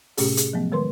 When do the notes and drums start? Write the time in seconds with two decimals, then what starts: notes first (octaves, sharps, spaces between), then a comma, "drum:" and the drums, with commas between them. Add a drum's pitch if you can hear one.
0.17 A2 C3 A3 C#4 G4 G#4, drum: open hi-hat
0.37 G#4, drum: hi-hat
0.53 F3 F#3 A3 B3
0.72 D#3 G#3 A#4 B4 C6